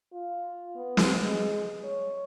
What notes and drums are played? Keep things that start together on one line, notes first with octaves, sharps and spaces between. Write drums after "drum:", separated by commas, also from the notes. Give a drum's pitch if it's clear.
F4
B3
drum: snare
G#3
C#5